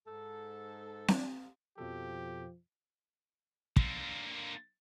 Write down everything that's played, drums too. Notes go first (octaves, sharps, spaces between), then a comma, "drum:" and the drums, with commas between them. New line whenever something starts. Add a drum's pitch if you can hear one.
G#2 A4
D4, drum: snare C4
F2 B2 F3 G4 A4
D3 A#3, drum: kick